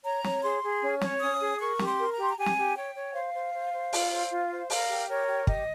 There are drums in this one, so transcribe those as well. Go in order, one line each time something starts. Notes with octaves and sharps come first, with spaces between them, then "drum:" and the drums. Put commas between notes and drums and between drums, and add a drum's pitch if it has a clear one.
C#5 A#5
C#5, drum: snare
G#4 C6
G#4
C#4
C#5, drum: snare
C#4 D#6
G#4
A#4 C#6
G4, drum: snare
C6
A#4
A#5
G4 C6
A#5
G4 G#5
drum: snare
G4
C#5 G5
C#5
C5 F5
C5
C5
C5
F4, drum: open hi-hat
C5
F4
C5
A#4 F5, drum: open hi-hat
G4
A#4 C#5
G4
G4 D#5, drum: kick